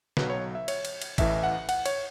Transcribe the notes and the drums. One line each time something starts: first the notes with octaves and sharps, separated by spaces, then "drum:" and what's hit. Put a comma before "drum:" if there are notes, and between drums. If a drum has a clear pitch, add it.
B1 B2 F#3 B4, drum: snare
C#5
E5
C#5, drum: cymbal
drum: cymbal
drum: cymbal
A1 A2 E3 E5, drum: kick, cymbal
F#5
F#5, drum: cymbal
C#5, drum: cymbal